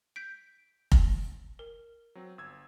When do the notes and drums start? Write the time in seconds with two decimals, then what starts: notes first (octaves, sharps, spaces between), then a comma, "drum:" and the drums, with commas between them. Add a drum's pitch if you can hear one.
0.16 G6 B6 D7
0.92 drum: kick F1
1.59 A#4
2.15 F#3 C4
2.38 G1 E6 G#6